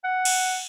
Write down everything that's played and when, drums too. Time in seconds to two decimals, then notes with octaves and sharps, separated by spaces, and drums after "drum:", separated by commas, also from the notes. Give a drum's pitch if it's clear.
0.04 F#5
0.25 drum: cymbal